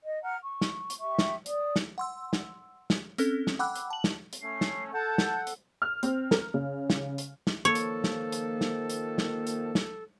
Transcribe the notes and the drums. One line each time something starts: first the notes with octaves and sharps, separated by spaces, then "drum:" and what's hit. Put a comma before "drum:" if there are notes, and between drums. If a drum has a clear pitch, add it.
D#5
F#5 A#5 F6
C#6
drum: snare
drum: hi-hat
G4 E5 C#6
drum: snare
D5 D#6, drum: hi-hat
drum: snare
F#5 C6 E6
drum: snare
drum: snare
C4 C#4 A4, drum: hi-hat
drum: snare
F#5 G5 B5 D6 E6 F#6
drum: hi-hat
A5 F#7
drum: snare
drum: hi-hat
A3 C#4 C7
drum: snare
A4 F#5 A5 G6
drum: snare
drum: hi-hat
F6
C4, drum: hi-hat
A#4, drum: snare
C#3
drum: snare
drum: hi-hat
drum: snare
D#3 F3 A#3 A4 C#5
drum: hi-hat
drum: snare
drum: hi-hat
drum: snare
drum: hi-hat
drum: snare
drum: hi-hat
drum: snare